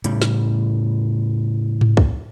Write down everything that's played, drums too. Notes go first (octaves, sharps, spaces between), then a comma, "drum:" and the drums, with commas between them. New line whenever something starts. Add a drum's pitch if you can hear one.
A2 C#3 G3, drum: hi-hat
drum: snare
drum: tom G#2
drum: kick